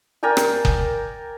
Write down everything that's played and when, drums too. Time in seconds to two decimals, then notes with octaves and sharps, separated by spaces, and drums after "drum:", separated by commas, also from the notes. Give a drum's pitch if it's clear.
0.23 A#4 D5 G5 G#5
0.37 drum: rim click
0.65 drum: kick F#1